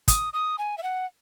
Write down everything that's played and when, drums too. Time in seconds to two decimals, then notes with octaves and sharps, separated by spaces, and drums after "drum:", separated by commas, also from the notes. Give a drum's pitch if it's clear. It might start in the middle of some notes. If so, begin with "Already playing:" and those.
0.08 D#6, drum: kick, hi-hat
0.33 D#6
0.58 G#5
0.78 E5
0.83 F#5